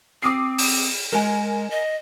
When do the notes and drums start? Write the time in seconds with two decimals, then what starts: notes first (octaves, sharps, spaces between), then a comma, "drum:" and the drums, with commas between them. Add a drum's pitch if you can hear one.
0.22 C4 D6 D#6 C7
0.58 drum: open hi-hat
1.12 G#3 A#4 G#5
1.70 D#5